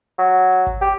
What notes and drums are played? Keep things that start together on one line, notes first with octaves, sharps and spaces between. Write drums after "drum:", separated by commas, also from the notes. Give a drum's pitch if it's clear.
F#3
drum: hi-hat
drum: hi-hat
drum: kick G#1, hi-hat
G4, drum: hi-hat